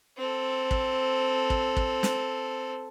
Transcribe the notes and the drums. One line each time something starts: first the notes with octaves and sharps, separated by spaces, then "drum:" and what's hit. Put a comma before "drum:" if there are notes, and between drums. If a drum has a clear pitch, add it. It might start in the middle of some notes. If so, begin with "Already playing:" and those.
C4 A4
drum: kick
drum: kick
drum: kick
drum: snare